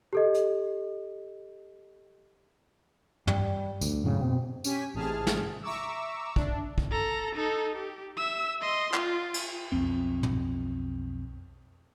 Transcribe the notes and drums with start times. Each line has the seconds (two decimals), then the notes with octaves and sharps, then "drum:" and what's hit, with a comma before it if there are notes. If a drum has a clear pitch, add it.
0.13 G4 A4 D#5
0.34 drum: hi-hat
3.27 G3, drum: tom
3.81 D2, drum: tambourine
4.04 F#2 A2 C#3
4.20 B2 C4
4.64 C#4 G4 G#5 B6, drum: tambourine
4.93 A1 G#2 C3 G#4 A5 F6
5.27 drum: snare
5.62 E5 A#5 C#6 D6 E6
6.36 D4, drum: kick
6.78 drum: kick
6.91 A4 A#5
7.36 D#4 A4
7.75 G4
8.17 E5 E6
8.61 D#5 C6
8.94 F4, drum: clap
9.34 drum: cymbal
9.72 B1 F2 C4
10.23 drum: tom